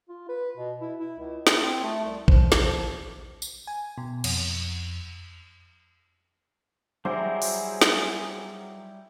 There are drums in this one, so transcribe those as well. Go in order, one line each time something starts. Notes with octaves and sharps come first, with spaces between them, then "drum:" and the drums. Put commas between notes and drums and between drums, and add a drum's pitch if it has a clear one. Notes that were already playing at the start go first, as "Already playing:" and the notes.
F4
B4
B2
E4
E4
C#2
E4, drum: snare
C4
A3
C2
F3, drum: kick A1
drum: snare
F3
drum: tambourine
G#5
B2
F2, drum: cymbal
F#3 G3 E4 G#4 C5 E5 D6
drum: open hi-hat
drum: snare